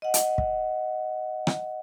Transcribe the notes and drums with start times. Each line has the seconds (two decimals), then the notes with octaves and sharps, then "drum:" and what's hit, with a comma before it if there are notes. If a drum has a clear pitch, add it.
0.02 D#5 F#5
0.14 drum: hi-hat
0.38 drum: kick
1.47 drum: rim click